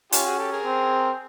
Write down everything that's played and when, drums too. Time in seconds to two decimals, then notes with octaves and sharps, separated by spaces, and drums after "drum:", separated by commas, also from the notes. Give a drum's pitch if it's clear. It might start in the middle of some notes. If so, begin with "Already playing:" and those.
0.12 C#4 F4 G4, drum: hi-hat
0.26 F#4 G#4
0.39 G4 A4
0.52 G#4 A#4
0.65 C4